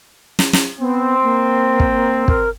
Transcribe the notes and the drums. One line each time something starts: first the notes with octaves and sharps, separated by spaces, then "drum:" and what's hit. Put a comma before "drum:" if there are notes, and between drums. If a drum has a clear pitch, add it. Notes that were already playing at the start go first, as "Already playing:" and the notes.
drum: snare
drum: snare
B3 C4
A#3
drum: kick
A#4, drum: kick